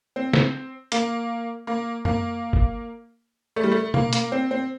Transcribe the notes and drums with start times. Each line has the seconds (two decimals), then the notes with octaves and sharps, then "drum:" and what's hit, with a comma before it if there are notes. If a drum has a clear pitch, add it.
0.16 C4
0.33 drum: snare
0.92 A#3, drum: hi-hat
1.67 A#3
2.05 A#3, drum: tom F#2
2.53 drum: kick G1
3.56 A3
3.64 G3
3.72 A3
3.94 A#3, drum: tom B2
4.13 A#3, drum: hi-hat
4.32 C4
4.51 C4